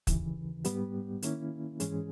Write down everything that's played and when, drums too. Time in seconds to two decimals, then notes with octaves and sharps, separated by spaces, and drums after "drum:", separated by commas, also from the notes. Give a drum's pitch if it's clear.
0.07 D#2 C#3 E3, drum: kick, hi-hat
0.65 G#2 G3 B3 G4, drum: hi-hat
1.22 D#3 A#3 C#4 E4, drum: hi-hat
1.80 G#2 E3 G#3 C#4 G#4, drum: hi-hat